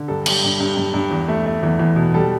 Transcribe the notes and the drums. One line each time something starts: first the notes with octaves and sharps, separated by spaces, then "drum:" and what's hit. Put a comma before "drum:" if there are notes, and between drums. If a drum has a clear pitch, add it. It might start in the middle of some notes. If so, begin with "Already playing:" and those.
Already playing: D3
G2 A4
G3, drum: cymbal
G2
G2
G2
G2
E2
A3
A3
E2
E2
B2
G3 A4